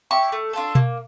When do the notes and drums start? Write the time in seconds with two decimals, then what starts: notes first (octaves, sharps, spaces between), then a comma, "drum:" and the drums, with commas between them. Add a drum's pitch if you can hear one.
0.11 E4 G4 C#6
0.32 A3
0.53 D4 F4 A4
0.75 A#3, drum: tom B2